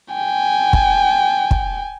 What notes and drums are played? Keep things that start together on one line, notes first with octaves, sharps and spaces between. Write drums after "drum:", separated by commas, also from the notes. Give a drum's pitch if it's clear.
G5 G#5
drum: kick
drum: kick